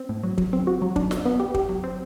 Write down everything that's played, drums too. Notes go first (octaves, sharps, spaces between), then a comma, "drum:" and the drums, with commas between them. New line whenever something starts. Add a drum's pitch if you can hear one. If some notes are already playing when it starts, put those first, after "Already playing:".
Already playing: C4
A2
F#3
F#3, drum: kick
C4
F#4
F#3
D4, drum: kick
D4, drum: snare
B3
G4
G4, drum: kick
F#3
C4